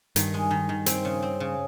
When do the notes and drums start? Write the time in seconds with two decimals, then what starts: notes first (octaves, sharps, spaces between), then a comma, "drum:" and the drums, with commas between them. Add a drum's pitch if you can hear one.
0.16 G2 D#3, drum: hi-hat
0.34 G#3
0.51 D#3
0.69 D#3
0.86 C4, drum: hi-hat
1.05 C#3
1.23 C4
1.40 C#3